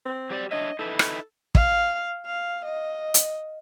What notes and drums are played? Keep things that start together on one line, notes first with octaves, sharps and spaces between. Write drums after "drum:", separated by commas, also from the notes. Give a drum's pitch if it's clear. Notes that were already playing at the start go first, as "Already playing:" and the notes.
C4
F#3 G4 D5
D4 C#5 D#5 E5
D#4 E4 A4 B4
drum: rim click
F5, drum: kick
F5
D#5
drum: hi-hat